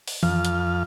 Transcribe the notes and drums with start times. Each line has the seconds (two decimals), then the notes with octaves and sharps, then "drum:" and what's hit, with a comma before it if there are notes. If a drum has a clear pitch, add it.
0.08 drum: open hi-hat
0.23 F2 F5, drum: tom E3
0.45 drum: hi-hat